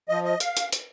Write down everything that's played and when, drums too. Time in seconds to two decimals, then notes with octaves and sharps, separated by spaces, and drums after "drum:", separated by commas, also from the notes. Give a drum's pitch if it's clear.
0.09 F3 D#5
0.24 D#5
0.40 F5, drum: hi-hat
0.57 drum: hi-hat
0.72 drum: hi-hat